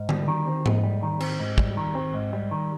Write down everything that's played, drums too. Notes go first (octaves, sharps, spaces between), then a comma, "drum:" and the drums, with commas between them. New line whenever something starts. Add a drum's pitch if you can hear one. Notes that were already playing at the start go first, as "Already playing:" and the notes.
Already playing: G#2
G3, drum: tom D3
D#3
C4
G#2, drum: tom
G3
D#3
C4, drum: cymbal
G#2
G3, drum: kick
D#3
C4
G#2
G3
D#3